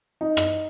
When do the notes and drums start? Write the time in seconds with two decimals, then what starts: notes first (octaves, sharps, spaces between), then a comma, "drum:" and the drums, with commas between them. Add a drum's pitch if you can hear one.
0.21 D#4
0.37 drum: rim click